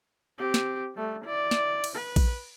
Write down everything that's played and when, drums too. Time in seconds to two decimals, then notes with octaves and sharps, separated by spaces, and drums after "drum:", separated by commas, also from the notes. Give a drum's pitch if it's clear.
0.38 C4 G4
0.54 drum: snare
0.95 G3 A3
1.24 E4 D5
1.51 drum: snare
1.84 drum: cymbal
1.95 B4
2.16 drum: kick A#1, cymbal